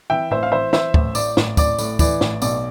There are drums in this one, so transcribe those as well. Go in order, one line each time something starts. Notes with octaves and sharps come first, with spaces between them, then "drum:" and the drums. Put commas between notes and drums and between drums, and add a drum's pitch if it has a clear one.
E3 E5 G5
A1 C5 E5
F5
E3 C5 E5
E3 C5 E5, drum: snare
A1, drum: kick
A2 D5, drum: tambourine
A1, drum: snare
A1 D5, drum: kick, tambourine
A2, drum: tambourine
E3 D5, drum: kick, tambourine
A1, drum: snare
B1 D5, drum: tambourine